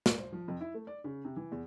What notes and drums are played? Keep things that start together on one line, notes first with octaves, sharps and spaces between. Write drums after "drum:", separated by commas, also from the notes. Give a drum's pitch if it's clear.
A#2, drum: snare
C5
F3
F2
E4
A3
D5
C#3
C3
E3
E2